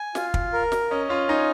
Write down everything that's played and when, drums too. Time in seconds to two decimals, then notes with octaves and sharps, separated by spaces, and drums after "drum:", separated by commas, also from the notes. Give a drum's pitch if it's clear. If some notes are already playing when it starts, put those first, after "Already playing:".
Already playing: G#5
0.15 F4, drum: snare
0.34 drum: kick
0.53 A#4
0.72 drum: snare
0.91 C#4 D#5
1.09 C#4 F4
1.28 D#4 G#5